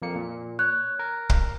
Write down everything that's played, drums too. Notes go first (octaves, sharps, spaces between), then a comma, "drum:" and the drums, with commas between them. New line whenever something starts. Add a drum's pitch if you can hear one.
F2 A#3 C#7
A#2
C#5 F#6
A#4
drum: kick